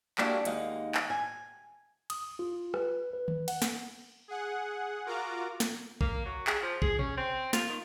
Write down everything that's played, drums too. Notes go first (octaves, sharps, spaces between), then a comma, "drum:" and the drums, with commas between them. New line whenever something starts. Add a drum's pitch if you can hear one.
G#3 A#3 D4 E4 F#4 G4, drum: clap
D#2 G#3 A#3 D#4 F#5, drum: hi-hat
drum: clap
G#5
D#6, drum: cymbal
F4
B4, drum: rim click
B4
drum: tom D#3
F#5, drum: cymbal
drum: snare
G#4 F#5
F4 F#4 A#4 A#5 D6
drum: snare
A#3, drum: kick A1
F#3
G#4, drum: clap
F3
G#4, drum: kick A1
C#4, drum: tom B2
C4
F4, drum: snare
D#3